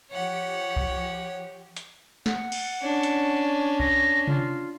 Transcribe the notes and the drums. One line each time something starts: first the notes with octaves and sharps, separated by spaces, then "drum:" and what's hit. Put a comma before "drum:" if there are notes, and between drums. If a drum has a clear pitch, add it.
F3 G4 C#5 F#5
drum: kick C2
drum: hi-hat
F#5, drum: snare
drum: cymbal
C#4 D4
drum: hi-hat
A#6, drum: kick C2
F4, drum: tom C3